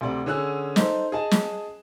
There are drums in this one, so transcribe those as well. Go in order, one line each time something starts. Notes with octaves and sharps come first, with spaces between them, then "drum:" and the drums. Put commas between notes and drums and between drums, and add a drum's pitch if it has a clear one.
D2 C3 D5
D3 C#4 G#4 E6 F#6
D#4 A4 C5, drum: snare
G#4 D#5 A5 E7
drum: snare